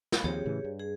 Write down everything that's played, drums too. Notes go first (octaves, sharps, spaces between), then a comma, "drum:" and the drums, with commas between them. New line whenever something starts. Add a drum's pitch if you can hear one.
B5, drum: snare
D#2 F3 C4 G4 G#4 C#5
A2 C#3 E3
G2
G#4